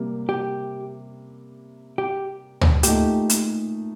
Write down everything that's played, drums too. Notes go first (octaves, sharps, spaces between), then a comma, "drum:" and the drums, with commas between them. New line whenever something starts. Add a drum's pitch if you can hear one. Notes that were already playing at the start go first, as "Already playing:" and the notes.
Already playing: C3 G3 A#3
G4
G4
drum: tom
A#2 A3 D#4 G4, drum: hi-hat
drum: hi-hat